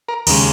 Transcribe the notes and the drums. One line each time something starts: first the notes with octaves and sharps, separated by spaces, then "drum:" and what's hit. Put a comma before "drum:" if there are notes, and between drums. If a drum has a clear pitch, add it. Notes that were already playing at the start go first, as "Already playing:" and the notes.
A#4
D#2 C#3 G#3 A#4, drum: cymbal